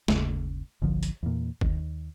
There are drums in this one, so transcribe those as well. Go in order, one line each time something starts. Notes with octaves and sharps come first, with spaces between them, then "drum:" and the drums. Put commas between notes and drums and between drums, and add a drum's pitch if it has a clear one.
G1 D#2 C#3, drum: snare
G1 C2 D3 F3
drum: hi-hat
E2 A#2
D#2, drum: kick F#1